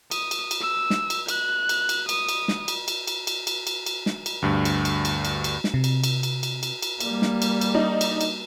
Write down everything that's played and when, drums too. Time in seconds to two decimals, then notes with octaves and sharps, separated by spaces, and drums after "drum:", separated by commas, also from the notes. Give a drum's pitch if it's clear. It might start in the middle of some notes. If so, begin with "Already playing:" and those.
0.11 D#6, drum: cymbal
0.31 drum: cymbal
0.51 drum: cymbal
0.61 E6
0.90 drum: snare
1.10 drum: cymbal
1.28 F#6, drum: cymbal
1.69 drum: cymbal
1.89 drum: cymbal
2.09 D#6, drum: cymbal
2.29 drum: cymbal
2.48 drum: snare
2.68 drum: cymbal
2.88 drum: cymbal
3.07 drum: cymbal
3.27 drum: cymbal
3.47 drum: cymbal
3.67 drum: cymbal
3.86 drum: cymbal
4.06 drum: snare
4.26 drum: cymbal
4.42 D2 G2
4.65 drum: cymbal
4.85 drum: cymbal
5.05 drum: cymbal
5.25 drum: cymbal
5.44 drum: cymbal
5.64 drum: snare
5.74 C3
5.84 drum: cymbal
6.04 drum: cymbal
6.23 drum: cymbal
6.43 drum: cymbal
6.63 drum: cymbal
6.82 drum: cymbal
7.00 G3 A#3, drum: cymbal
7.22 drum: snare
7.42 drum: cymbal
7.61 drum: cymbal
7.75 D4 D#4
8.01 drum: cymbal
8.21 drum: cymbal